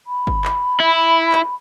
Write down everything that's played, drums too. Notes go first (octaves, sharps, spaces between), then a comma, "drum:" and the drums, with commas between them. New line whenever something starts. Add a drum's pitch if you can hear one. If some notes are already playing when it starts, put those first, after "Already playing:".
B5
drum: kick G1
drum: clap
E4
drum: clap